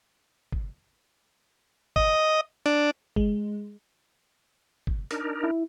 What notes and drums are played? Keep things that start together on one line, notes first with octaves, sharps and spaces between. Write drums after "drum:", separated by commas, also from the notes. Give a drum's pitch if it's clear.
drum: kick
D#5, drum: kick
D4, drum: hi-hat
G#3, drum: kick
drum: kick
D4 D#4 A#4, drum: hi-hat
E4